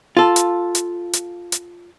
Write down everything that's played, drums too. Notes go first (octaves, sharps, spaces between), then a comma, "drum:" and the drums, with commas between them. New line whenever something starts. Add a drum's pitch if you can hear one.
F4 A4
drum: hi-hat
drum: hi-hat
drum: hi-hat
drum: hi-hat